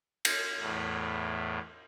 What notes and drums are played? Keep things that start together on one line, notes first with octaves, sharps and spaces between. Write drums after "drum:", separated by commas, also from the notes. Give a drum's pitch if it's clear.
drum: cymbal
E2 A2